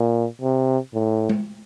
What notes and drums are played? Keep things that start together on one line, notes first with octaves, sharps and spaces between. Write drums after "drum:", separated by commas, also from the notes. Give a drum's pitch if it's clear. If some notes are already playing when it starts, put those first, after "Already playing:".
Already playing: A#2
C3
A2
drum: tom G#3